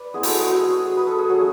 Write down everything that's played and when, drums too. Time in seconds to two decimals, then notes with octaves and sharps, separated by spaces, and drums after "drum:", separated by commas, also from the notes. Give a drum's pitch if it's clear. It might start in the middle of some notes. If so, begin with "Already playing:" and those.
Already playing: B4 D5
0.14 G#3 B3 E4 G#4
0.23 F#4 A4, drum: open hi-hat
0.34 G#4
0.44 F#4
0.57 G#4
0.71 F#4
0.86 G#4
0.97 B4
1.07 A4
1.18 G#4
1.29 F#3 A3 C#4 F#4